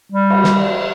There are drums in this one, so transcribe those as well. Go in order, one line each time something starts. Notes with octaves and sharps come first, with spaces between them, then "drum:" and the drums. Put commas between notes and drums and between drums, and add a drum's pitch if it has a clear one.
G3
drum: cymbal
drum: snare